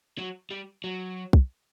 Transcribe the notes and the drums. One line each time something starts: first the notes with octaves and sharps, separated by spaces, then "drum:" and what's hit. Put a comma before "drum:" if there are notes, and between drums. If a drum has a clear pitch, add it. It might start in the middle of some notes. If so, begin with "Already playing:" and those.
F#3
G3
F#3
drum: kick